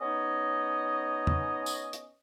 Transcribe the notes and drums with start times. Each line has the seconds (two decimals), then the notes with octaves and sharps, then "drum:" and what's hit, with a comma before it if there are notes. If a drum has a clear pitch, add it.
0.01 B3 C#4 D#4 C#5 D#5
1.27 drum: tom E2
1.66 drum: tambourine
1.93 drum: hi-hat